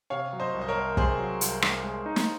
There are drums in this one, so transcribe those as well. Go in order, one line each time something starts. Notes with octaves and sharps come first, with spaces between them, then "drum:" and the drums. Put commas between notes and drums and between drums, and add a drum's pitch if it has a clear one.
C3 C#5 F5
F#3
C5 D#5
C2
D#5
A#4 C#5
C2
C3 G#4 C5, drum: kick
F#3
C2, drum: hi-hat
C2, drum: rim click
G#3
D#4
drum: snare